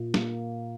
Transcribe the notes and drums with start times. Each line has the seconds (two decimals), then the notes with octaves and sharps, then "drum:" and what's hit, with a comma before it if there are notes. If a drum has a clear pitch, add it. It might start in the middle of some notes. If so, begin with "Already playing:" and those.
Already playing: A#2
0.14 A#3, drum: snare